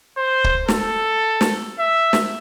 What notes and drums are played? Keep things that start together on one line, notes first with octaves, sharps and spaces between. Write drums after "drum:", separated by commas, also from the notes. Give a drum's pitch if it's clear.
C5
drum: kick
A4, drum: snare
drum: snare
E5
drum: snare